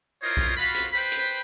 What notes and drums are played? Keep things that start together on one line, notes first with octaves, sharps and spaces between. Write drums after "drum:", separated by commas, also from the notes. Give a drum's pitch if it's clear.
E4 F4 A#4 C5 C#5 D#5
drum: kick B1
F4 F#4 F5 B5
drum: hi-hat
B4 C5 G5 B5
drum: hi-hat